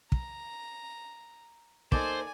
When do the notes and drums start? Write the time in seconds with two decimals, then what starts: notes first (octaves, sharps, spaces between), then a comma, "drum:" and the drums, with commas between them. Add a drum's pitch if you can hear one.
0.12 A#5, drum: kick
1.92 A#3 D#4 A4 C5 D5 G#5, drum: kick